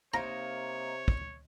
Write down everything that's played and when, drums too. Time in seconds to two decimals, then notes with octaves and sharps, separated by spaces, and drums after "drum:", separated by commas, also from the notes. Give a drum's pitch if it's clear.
0.14 C3 A#3 D#4 C5 C#5 A#5
1.08 drum: kick